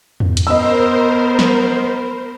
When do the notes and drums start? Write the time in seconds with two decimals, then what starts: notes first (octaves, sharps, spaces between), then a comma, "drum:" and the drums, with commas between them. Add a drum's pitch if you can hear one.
0.20 drum: tom E2
0.37 drum: hi-hat
0.47 B3 A#4 C5 D#5 E6
1.39 drum: snare